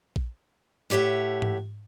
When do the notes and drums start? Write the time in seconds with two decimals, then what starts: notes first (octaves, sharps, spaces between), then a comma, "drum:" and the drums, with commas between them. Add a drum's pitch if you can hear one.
0.16 drum: kick A#1
0.90 A2 G4 C#5 E5 F#5
1.42 drum: tom G#2